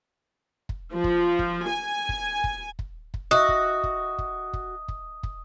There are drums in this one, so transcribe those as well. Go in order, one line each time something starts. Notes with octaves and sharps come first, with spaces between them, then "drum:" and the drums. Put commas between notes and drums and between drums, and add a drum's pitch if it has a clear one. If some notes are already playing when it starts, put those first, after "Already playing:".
drum: kick
F3
drum: kick
drum: kick
G#5
drum: kick
drum: kick
drum: kick
drum: kick
F#4 D#5 E5 D#6
drum: kick
drum: kick
drum: kick
drum: kick
drum: kick
drum: kick